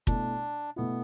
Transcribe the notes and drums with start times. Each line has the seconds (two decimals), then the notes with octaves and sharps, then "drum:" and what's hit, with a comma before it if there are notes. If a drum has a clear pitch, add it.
0.07 B2 A3 D4 E4, drum: kick
0.76 B2 A3 B3 E4